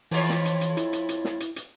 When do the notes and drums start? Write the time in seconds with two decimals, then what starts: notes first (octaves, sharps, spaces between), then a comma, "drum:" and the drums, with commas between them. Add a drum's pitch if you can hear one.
0.11 F2 E3 F4 C#5, drum: open hi-hat
0.29 drum: snare
0.45 drum: hi-hat
0.61 drum: hi-hat
0.77 E4, drum: hi-hat
0.93 drum: hi-hat
1.09 drum: hi-hat
1.25 drum: snare
1.40 drum: hi-hat
1.56 drum: hi-hat